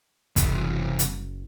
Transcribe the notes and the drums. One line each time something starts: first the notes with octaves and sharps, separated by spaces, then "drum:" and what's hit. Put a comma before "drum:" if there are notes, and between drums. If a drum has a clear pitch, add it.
F#1 C2 E3, drum: kick, hi-hat
drum: hi-hat